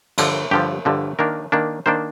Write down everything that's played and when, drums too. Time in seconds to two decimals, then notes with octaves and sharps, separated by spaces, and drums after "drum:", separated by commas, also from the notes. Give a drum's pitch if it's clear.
0.18 G2 D3 F3, drum: cymbal
0.51 G2 D3 F3 G4
0.85 G2 D3 F3
1.19 D#3 A#3 D4 A#4
1.52 D#3 A#3 D4
1.86 D#3 A#3 D4 C5